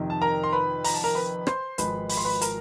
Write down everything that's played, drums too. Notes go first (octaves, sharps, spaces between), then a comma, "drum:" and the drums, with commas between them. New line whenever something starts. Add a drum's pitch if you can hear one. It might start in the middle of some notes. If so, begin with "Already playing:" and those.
Already playing: F2 C3 D#3
A5
A#4 A#5
C6
B4 B5
A#5, drum: open hi-hat
A5
A#4 A#5
B4 B5
C5 C6, drum: rim click
G#1 G#2 F3 G#3 B4 B5, drum: hi-hat
B5, drum: open hi-hat
C6
B4 B5
A#4 A#5, drum: hi-hat